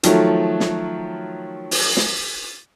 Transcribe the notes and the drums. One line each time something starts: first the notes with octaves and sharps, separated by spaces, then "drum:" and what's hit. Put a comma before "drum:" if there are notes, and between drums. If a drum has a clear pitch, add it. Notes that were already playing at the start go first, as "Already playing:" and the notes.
D#3 F3 F#3 A3, drum: hi-hat
drum: snare
drum: open hi-hat
drum: snare